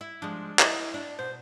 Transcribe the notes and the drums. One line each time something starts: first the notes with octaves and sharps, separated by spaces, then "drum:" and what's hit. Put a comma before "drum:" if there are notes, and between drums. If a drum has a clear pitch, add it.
E4
F3 G#3 D4
E4 B4 D#5, drum: clap
D4
B2 C5